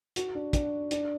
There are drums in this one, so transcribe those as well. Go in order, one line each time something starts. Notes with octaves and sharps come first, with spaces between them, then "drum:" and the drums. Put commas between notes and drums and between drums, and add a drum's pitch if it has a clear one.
F#4, drum: hi-hat
D4
D4, drum: kick, hi-hat
D4, drum: hi-hat